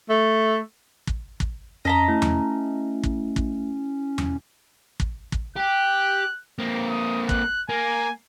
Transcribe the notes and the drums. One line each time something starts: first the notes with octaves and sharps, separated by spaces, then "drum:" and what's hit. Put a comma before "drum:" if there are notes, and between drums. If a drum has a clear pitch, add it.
A3
drum: kick
drum: kick
F2 C#4 D#5 A5 A#5 B6
A3 E4
drum: tom E2
drum: kick
drum: kick
drum: tom E2
drum: kick
drum: kick
G4 F#6
A#3 C4
D#6
F#6, drum: kick
A#3 G#5